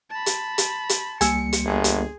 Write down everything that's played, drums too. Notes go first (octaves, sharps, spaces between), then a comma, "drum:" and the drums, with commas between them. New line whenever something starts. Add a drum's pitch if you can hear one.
A5 B5
drum: hi-hat
drum: hi-hat
drum: hi-hat
C#2 G3 A#3 G#5 E6 C#7, drum: hi-hat
drum: hi-hat
G1 G#4
drum: hi-hat